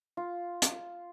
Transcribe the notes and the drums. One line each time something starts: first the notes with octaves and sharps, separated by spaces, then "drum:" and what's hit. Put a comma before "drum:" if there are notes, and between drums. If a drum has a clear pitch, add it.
F4
drum: hi-hat